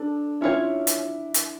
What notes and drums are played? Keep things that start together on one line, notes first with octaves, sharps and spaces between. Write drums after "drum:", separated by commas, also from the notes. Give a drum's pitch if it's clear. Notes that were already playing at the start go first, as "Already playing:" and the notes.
Already playing: D4 A4
C#4 E4 F4 C#5
drum: hi-hat
drum: hi-hat